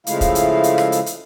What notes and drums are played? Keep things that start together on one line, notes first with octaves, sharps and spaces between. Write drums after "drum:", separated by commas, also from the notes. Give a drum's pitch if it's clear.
C#3 F3 G#3 A3 E4 F5, drum: hi-hat
drum: kick, hi-hat
drum: hi-hat
drum: hi-hat
drum: rim click
drum: hi-hat
drum: hi-hat